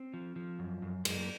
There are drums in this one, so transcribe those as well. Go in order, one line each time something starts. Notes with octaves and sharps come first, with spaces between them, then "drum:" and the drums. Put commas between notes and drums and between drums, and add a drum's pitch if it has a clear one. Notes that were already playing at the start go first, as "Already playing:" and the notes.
Already playing: C4
F3
F3
F#2
F#2
F#2 G#3, drum: cymbal
A#3